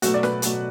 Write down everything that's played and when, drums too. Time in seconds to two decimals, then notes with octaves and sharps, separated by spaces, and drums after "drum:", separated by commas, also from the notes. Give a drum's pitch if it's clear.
0.02 B2 F#3 A3 F#4, drum: hi-hat
0.14 D5
0.23 B4, drum: snare
0.42 B2 F#3 A3, drum: hi-hat